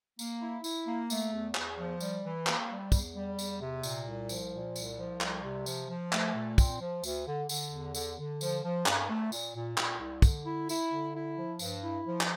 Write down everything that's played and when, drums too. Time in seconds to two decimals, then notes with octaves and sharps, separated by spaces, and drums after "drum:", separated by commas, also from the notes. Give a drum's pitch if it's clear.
0.19 A#3, drum: tambourine
0.41 E4
0.64 E4, drum: tambourine
0.87 A#3
1.10 A3, drum: tambourine
1.33 E2
1.55 E2, drum: clap
1.78 F3
2.00 G3, drum: tambourine
2.24 E3
2.47 A#3, drum: clap
2.70 G3
2.92 E2, drum: kick, tambourine
3.15 G3
3.39 E2, drum: tambourine
3.61 C3
3.83 A#2, drum: tambourine
4.06 C2
4.29 F3, drum: tambourine
4.52 A#2
4.76 C2, drum: tambourine
4.98 F3
5.21 C2, drum: clap
5.43 C3
5.66 F3, drum: tambourine
5.89 F3
6.13 A3, drum: clap
6.34 A#2
6.58 C4, drum: kick, tambourine
6.80 F3
7.04 D2, drum: tambourine
7.27 D3
7.49 D3, drum: tambourine
7.71 E2
7.95 D3, drum: tambourine
8.18 D3
8.41 F3, drum: tambourine
8.63 F3
8.86 G2, drum: clap
9.09 A3
9.32 A#2, drum: tambourine
9.55 A#2
9.78 A#2, drum: clap
10.00 C2
10.22 D3, drum: kick, tambourine
10.45 E4
10.69 E4, drum: tambourine
10.92 D3
11.15 E4
11.37 F3
11.59 G2, drum: tambourine
11.83 E4
12.06 F3
12.21 drum: clap